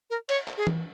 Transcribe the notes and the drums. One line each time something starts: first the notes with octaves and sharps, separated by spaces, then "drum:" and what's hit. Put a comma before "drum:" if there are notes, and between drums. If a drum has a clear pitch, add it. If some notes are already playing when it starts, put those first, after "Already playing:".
A#4
C#5, drum: cymbal
drum: clap
G#4
drum: tom